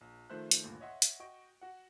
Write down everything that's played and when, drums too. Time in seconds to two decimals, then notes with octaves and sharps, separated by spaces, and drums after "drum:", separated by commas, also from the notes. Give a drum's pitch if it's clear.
0.01 A#1
0.30 D#3 F3 A3 C5 E5 F#6
0.51 drum: hi-hat
0.64 D2 G2 A#2
0.80 C#5 D#5 E5 F#5 C6
1.02 drum: hi-hat
1.20 F#4 D#5 G5 C#6 D7
1.61 F#4 F#5